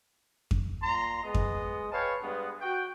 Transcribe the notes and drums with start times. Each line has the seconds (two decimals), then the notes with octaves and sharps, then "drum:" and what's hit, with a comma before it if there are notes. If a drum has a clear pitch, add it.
0.51 drum: kick F2
0.82 A#2 A#5 C6
1.23 G#3 B3 D#5
1.34 drum: kick F2
1.92 B4 C#5 F5 G5 A5
2.23 G2 G#3 B3
2.60 F#4 G5